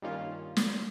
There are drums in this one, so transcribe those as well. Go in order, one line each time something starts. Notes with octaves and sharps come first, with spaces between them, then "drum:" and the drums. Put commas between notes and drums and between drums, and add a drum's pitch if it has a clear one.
G2 D#3 A#3 C#4 F4
drum: snare